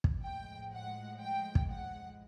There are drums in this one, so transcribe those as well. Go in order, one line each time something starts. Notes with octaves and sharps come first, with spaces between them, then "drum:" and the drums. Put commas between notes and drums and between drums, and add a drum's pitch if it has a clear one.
drum: kick
A2 F3 G#3 G5
F#5
G5
drum: kick
F#5